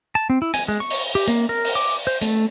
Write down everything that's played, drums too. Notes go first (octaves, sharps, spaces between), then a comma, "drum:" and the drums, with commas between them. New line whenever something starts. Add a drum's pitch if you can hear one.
A5
C4
E4
G#5, drum: hi-hat
G#3
C#6
drum: open hi-hat
G4
A#3, drum: hi-hat
A#4
drum: open hi-hat
D6
C5
A3, drum: hi-hat